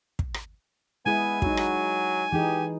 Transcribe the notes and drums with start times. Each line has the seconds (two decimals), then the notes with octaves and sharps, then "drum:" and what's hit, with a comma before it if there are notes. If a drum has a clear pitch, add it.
0.19 drum: kick
0.34 drum: rim click
1.06 G#3 B3 E4 G#4 G#5
1.42 F#3 D#4 F#4, drum: kick
1.57 drum: rim click
2.32 E3 D#4 G4 G#4